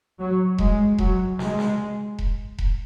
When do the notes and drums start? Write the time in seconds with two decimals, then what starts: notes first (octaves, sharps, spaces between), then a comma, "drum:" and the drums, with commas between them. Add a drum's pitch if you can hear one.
0.19 F#3
0.58 G#3, drum: kick E1
0.99 F#3, drum: kick E1
1.39 G#3, drum: snare
1.59 drum: snare
2.19 drum: kick E1
2.59 drum: kick E1